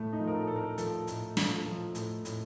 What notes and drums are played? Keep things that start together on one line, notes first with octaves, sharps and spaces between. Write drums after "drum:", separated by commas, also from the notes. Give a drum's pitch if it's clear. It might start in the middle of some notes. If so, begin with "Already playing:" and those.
Already playing: A2 A3
D#4
F3
A#4
A4
A2 A4
A#4
F3 A4, drum: hi-hat
A2, drum: hi-hat
F3, drum: snare
F3
A2, drum: hi-hat
A2, drum: hi-hat